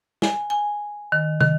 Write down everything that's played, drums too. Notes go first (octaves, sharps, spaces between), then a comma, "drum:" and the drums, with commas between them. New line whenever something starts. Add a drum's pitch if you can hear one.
G#5, drum: snare
G#5
D#3
D#3, drum: tom